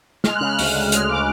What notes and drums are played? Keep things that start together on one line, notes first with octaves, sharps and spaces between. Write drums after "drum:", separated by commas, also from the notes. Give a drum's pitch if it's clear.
G#3 F6, drum: snare
F#6
C#3
F6
D2, drum: open hi-hat
D2
G#3 F6, drum: hi-hat
C#3 D6